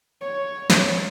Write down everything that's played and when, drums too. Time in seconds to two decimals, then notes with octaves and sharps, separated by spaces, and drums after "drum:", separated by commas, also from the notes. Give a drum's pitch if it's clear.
0.21 C#5
0.70 drum: snare